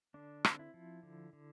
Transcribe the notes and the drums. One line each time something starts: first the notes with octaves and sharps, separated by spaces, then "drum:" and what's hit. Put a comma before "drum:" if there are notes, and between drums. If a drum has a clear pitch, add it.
D3 D4
C4, drum: rim click
E4
F3
D3
D3